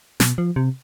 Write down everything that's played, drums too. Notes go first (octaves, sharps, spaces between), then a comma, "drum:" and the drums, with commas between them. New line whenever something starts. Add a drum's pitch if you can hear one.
B2, drum: snare
F3
C3